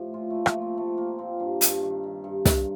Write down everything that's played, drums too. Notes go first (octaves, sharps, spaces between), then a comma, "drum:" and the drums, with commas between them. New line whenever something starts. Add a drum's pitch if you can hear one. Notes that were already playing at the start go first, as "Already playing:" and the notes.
Already playing: A2 F3 G4
A#2 F4
A#2 A3
A3, drum: rim click
F3
C4
F3 A3
A#2 A#3
A#2 C4
G2 D4
G2, drum: hi-hat
D#3
D#3
G2
G2, drum: snare